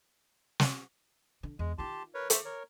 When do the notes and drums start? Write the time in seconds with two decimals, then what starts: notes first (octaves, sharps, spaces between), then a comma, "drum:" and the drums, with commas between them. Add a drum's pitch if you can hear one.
0.60 drum: snare
1.43 D3
1.59 E2 G#3
1.78 D#3 F4 G4 A5 C6
2.14 A#4 B4 C#5
2.30 C5 E5 C#6, drum: hi-hat
2.45 A#4 C#5